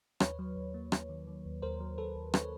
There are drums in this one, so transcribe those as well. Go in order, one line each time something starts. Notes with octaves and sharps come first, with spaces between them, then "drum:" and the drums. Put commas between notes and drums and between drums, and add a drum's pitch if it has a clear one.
D#2 B4 C#5, drum: rim click
F#3
D#2
A#3
D#2, drum: rim click
D#3
D#3
D#2
D#2 A#4 C5
F#3
D#2 A4 B4
D#2
B4 C#5, drum: rim click